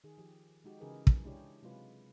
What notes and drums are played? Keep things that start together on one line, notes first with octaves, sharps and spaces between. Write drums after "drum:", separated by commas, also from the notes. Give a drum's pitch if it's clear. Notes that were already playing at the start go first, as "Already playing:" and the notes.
D#3 G#4
F3 G4
G#3 D#4 F#4 G4
C#3 E3 D#4 G#4 A#4 B4
drum: kick
G#3 D4 E4 G4 G#4 C#5
C3 F#3 G#3 F4 B4